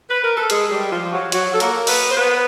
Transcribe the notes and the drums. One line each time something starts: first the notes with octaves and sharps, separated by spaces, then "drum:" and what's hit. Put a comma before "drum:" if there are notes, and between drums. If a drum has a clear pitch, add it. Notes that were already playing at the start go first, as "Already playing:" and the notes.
B4
A#4
A4
G#3 G#4, drum: hi-hat
G3 G4
F3 F4
F#3 F#4
F#3 F#4, drum: hi-hat
A4
A#3 A#4, drum: hi-hat
B3 B4, drum: open hi-hat
C5
B3 B4